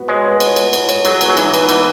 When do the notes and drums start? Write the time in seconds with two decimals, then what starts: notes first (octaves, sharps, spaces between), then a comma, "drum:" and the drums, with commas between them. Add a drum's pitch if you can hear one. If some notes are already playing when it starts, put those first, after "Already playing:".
Already playing: B3 F#4
0.08 G#3 C#5
0.24 B3
0.40 C#5, drum: cymbal
0.56 B3, drum: cymbal
0.73 C#5, drum: cymbal
0.89 C#5, drum: cymbal
1.05 F#3 G#4, drum: cymbal
1.21 B3, drum: cymbal
1.29 F#3
1.37 E3 D#4, drum: cymbal
1.54 B3, drum: cymbal
1.69 E3 B3, drum: cymbal